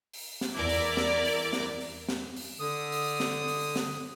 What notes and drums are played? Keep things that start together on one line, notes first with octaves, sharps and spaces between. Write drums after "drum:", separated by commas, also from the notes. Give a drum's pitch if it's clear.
drum: open hi-hat
drum: snare
E2 E4 A#4 D5 D6
drum: open hi-hat
drum: snare
drum: open hi-hat
drum: snare
drum: open hi-hat
drum: snare
drum: open hi-hat
D3 D#6
drum: open hi-hat
drum: snare
drum: open hi-hat
drum: snare